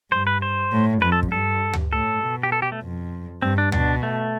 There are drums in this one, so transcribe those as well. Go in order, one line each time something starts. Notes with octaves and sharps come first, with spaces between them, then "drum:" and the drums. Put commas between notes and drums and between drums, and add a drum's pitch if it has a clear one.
G2 C5
B4
C5
A2
F2 B4
A4
drum: kick
G2 A4
drum: tom D2
A2 A4
B2
G4
A4
G4
A3
F2
G2 C4
D4
B2 D4, drum: tom D2
A3